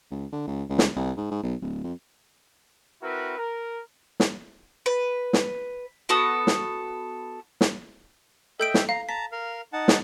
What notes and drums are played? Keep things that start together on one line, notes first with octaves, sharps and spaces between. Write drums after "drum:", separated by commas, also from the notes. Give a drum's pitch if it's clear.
C#2
D3
C#2
C#2
drum: snare
C2
G#2
G#2
B1
D1
F2
C4 E4 F#4 A#4 B4
A#4
drum: snare
B4
drum: snare
B3 F#4 A4 D#6
drum: snare
drum: snare
A4 D#5 E5 G5 G6 D7
drum: snare
F5 A#5
A5 A#5 B6
A#4 F5
D#4 F#5 A5
drum: snare